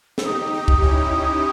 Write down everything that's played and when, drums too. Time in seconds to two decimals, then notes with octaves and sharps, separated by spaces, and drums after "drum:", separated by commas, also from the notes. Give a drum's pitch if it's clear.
0.18 E6, drum: snare
0.25 D#4 G4 D#6
0.54 D#4 G4
0.68 D#6, drum: kick
0.82 C#4 E4